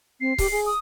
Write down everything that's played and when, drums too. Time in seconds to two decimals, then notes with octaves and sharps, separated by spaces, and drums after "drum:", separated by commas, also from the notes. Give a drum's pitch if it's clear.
0.21 C4 C7
0.38 G4, drum: kick C#1, open hi-hat
0.51 G#4
0.66 D#6